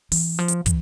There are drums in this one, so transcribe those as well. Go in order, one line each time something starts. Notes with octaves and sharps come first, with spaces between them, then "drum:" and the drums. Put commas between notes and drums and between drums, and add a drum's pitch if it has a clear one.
E3, drum: open hi-hat
F3
drum: hi-hat
E3, drum: kick, hi-hat